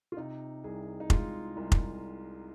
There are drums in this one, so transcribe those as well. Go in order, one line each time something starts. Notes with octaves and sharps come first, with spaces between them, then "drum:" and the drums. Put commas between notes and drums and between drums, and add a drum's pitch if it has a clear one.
F4
C3 D#4
C2 G#4
D#4
G#3 F4, drum: kick F1
C2 D#4
drum: kick F1